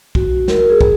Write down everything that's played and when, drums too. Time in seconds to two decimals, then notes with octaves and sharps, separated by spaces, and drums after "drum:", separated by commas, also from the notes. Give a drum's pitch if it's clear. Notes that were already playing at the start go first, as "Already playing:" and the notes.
0.15 F#4, drum: kick
0.48 A#4, drum: snare
0.58 A#4
0.70 G#4
0.81 drum: kick